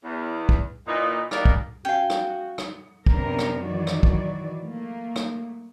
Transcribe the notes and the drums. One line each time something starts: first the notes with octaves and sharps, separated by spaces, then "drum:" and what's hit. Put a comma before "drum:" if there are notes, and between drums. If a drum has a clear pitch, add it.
E2
drum: kick
A#2 E3 D#4
B2 G3 A#3 D#4 A#4 D5, drum: rim click
drum: kick
C#4 F#4 F5 G5
drum: rim click
drum: rim click
F#2 C3 B3 C4 D4 A#4, drum: kick
drum: rim click
D#3 E3 F#3 F#4 D5
drum: rim click
drum: kick
A3 A#3
drum: rim click